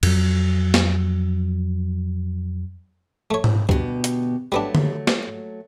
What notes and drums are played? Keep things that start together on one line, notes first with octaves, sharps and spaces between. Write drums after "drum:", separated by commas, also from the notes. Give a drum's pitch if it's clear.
F2 F#3, drum: cymbal
drum: snare
A3 C#5
drum: tom G#2
D2 G2 B2 G4, drum: kick
drum: hi-hat
F#3 G3 A3 B3 D4
drum: tom D3
drum: snare